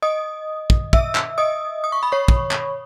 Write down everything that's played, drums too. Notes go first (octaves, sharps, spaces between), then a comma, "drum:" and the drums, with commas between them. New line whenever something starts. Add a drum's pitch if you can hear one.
D#5 D#6
drum: kick
E5 E6, drum: kick
drum: clap
D#5 D#6
D#6
C#6
B5
C#5 C#6
drum: kick
drum: clap